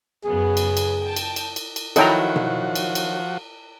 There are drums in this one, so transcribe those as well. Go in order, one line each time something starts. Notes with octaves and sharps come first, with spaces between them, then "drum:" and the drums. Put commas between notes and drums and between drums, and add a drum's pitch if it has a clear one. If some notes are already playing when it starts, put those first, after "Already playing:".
F#2 C#3 B3 G#4
drum: cymbal
drum: cymbal
G5 A5
drum: cymbal
drum: cymbal
drum: cymbal
drum: cymbal
D#3 F3 F#3 E4 F#4 A4 G5 A#5, drum: cymbal
drum: tom B2
drum: cymbal
drum: cymbal